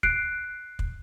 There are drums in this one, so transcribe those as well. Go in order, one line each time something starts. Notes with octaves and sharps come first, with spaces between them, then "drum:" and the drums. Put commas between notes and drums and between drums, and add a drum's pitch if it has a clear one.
F#6 C7 D7, drum: kick
drum: kick